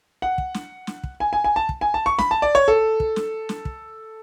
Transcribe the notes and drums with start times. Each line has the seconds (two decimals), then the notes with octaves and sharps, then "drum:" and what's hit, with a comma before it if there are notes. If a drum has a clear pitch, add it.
0.22 F#5
0.38 drum: kick
0.54 drum: snare
0.87 drum: snare
1.04 drum: kick
1.20 G#5
1.33 G#5
1.44 G#5
1.56 A5
1.69 drum: kick
1.81 G#5
1.94 A5
2.06 C#6
2.19 B5, drum: snare
2.31 A5
2.42 D5
2.55 C#5
2.68 A4
3.00 drum: kick
3.16 drum: snare
3.49 drum: snare
3.65 drum: kick